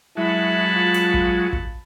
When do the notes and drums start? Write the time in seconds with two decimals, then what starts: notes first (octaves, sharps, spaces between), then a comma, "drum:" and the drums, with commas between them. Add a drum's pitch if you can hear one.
0.17 F#3 G#3 E4 A5 B5
0.75 F4
0.94 drum: hi-hat
1.14 drum: kick
1.53 drum: kick